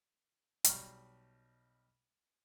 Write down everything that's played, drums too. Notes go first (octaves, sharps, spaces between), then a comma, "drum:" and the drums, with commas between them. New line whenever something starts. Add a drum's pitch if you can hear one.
B1 G3 A#5 C#6 F6, drum: hi-hat